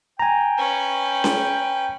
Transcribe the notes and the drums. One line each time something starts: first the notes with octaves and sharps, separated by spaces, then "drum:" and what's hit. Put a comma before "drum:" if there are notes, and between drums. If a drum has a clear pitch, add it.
G5 G#5 A#5
C#4 B4
drum: snare C#4